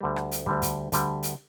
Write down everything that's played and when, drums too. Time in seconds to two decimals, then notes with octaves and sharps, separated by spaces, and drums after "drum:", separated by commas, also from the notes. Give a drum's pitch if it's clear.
0.01 D2 D3 G3
0.16 drum: rim click
0.31 drum: hi-hat
0.46 D2 D3 G3, drum: kick
0.62 drum: kick, hi-hat
0.92 D2 D3 G3, drum: kick, hi-hat
1.23 drum: hi-hat